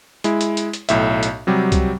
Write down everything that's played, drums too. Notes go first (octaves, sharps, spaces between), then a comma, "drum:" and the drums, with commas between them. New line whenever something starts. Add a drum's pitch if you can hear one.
G#3 E4, drum: hi-hat
drum: hi-hat
drum: hi-hat
drum: hi-hat
B1 A2 E5, drum: hi-hat
drum: hi-hat
C3 F#3 G3
drum: kick, hi-hat